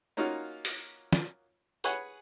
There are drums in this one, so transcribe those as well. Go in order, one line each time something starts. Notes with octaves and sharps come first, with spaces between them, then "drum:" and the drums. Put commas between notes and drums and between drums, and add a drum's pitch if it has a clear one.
A#3 C#4 D#4 F4 F#4
drum: open hi-hat
drum: snare
G#4 B4 C#5 F#5 G#5, drum: tambourine